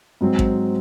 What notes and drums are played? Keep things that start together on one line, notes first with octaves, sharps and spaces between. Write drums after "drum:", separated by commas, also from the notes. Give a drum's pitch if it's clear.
G#2 F#3 C4
drum: kick A1